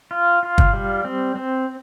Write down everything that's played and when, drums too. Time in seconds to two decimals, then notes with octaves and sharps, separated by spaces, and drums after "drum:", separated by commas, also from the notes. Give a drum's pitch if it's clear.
0.11 F4
0.43 F4
0.58 drum: kick
0.73 G3
1.05 C4
1.36 C4